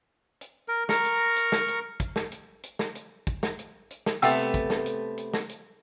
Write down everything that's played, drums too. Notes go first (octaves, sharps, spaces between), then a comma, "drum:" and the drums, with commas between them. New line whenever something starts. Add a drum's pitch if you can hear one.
drum: hi-hat
A#4
A#4 A#5 C#6, drum: snare
drum: hi-hat
drum: hi-hat
drum: snare
drum: hi-hat
drum: kick, hi-hat
drum: snare
drum: hi-hat
drum: hi-hat
drum: snare
drum: hi-hat
drum: kick, hi-hat
drum: snare
drum: hi-hat
drum: hi-hat
drum: snare
C3 A3 B3 F#5 G5 E6, drum: hi-hat
drum: kick, hi-hat
drum: snare
drum: hi-hat
drum: hi-hat
drum: snare
drum: hi-hat